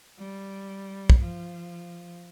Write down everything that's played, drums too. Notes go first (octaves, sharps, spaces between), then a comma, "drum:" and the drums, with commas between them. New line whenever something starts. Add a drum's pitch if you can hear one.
G3
drum: kick
F3